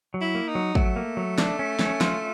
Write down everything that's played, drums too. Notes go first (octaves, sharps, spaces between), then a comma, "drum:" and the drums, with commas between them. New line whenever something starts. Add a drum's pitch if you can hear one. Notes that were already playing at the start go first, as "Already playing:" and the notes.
F#3
E4
A#3
D#4
F#3
F#3 A3, drum: kick
A#3
F#3
D4, drum: snare
C#4
C#4, drum: snare
F4, drum: snare